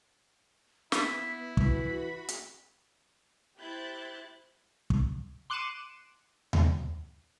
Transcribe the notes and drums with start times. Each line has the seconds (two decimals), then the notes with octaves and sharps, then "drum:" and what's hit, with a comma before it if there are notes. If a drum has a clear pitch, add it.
0.92 B3 E4 B6, drum: snare
1.57 E3 F#4 B5, drum: kick
2.29 drum: hi-hat
3.60 E4 G4 C5 F#6 G6 A6
4.90 drum: kick
5.50 C6 D6 F#6 C#7 D#7 E7
6.53 drum: tom D#2